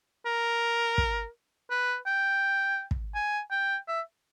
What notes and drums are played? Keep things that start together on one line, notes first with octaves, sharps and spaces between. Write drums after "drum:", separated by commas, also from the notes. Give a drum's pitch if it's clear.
A#4
drum: kick
B4
G5
drum: kick
G#5
G5
E5